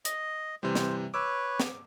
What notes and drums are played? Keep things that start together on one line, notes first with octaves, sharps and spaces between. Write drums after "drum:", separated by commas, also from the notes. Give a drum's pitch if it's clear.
D#5, drum: hi-hat
C3 E3 G3 C5
drum: snare
B4 C#5 D6 E6
drum: snare